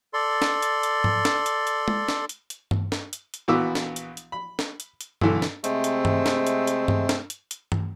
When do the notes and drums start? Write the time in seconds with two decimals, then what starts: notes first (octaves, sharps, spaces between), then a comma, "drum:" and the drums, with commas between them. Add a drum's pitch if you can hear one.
0.14 A4 D5 C6
0.42 drum: snare
0.62 drum: hi-hat
0.83 drum: hi-hat
1.04 drum: tom G#2
1.25 drum: snare
1.46 drum: hi-hat
1.67 drum: hi-hat
1.88 drum: tom G#3
2.09 drum: snare
2.29 drum: hi-hat
2.50 drum: hi-hat
2.71 drum: tom G2
2.92 drum: snare
3.13 drum: hi-hat
3.34 drum: hi-hat
3.48 A#1 E3 B3 F#4 D6 E6
3.75 drum: snare
3.96 drum: hi-hat
4.17 drum: hi-hat
4.32 B5
4.59 drum: snare
4.80 drum: hi-hat
5.01 drum: hi-hat
5.21 B1 D3 E3 A4, drum: tom G2
5.42 drum: snare
5.64 C3 G#3 A3 C4, drum: hi-hat
5.84 drum: hi-hat
6.05 drum: tom G2
6.26 drum: snare
6.47 drum: hi-hat
6.67 drum: hi-hat
6.88 drum: tom G2
7.09 drum: snare
7.30 drum: hi-hat
7.51 drum: hi-hat
7.72 drum: tom G2